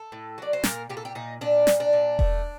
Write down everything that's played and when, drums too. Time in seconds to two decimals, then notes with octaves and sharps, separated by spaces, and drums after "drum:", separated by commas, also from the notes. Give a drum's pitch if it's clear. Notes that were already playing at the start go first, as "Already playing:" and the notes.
Already playing: A4
0.12 A2
0.38 F#3 D5
0.53 C5
0.64 A#2 A#4, drum: snare
0.89 A#2 G4
0.97 A4
1.05 G4
1.15 A#2 D#4
1.41 A#2 D4
1.67 A#2, drum: snare
1.80 D4
1.93 A#2
2.19 A3, drum: kick E1